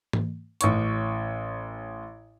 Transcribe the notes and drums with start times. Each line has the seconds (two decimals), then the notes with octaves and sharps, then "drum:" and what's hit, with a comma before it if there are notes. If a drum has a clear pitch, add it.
0.13 drum: tom
0.61 A1 C#5 C#6, drum: hi-hat